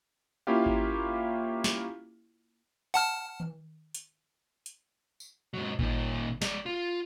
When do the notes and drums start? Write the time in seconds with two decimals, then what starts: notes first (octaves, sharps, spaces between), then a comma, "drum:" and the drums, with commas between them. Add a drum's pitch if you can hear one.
0.47 A#3 C#4 E4 F4 G4 F5
0.66 drum: kick G#1
1.64 drum: snare
2.94 F#5 A5 F6
3.40 drum: tom D#3
3.95 drum: hi-hat
4.66 drum: hi-hat
5.20 drum: tambourine
5.54 G#2 F#3
5.79 A#2 D#3, drum: kick G#1
6.42 G#3 D5, drum: snare
6.66 F4